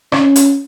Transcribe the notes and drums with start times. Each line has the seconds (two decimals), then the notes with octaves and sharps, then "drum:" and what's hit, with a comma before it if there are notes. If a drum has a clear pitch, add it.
0.12 C#4, drum: rim click
0.36 drum: hi-hat